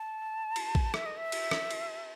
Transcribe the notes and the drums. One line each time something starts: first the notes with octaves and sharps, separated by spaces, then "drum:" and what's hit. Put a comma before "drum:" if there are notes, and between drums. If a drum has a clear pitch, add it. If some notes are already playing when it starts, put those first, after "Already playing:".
Already playing: A5
drum: cymbal
drum: kick A1
E5, drum: rim click
D#5
E5
drum: cymbal
drum: rim click
drum: cymbal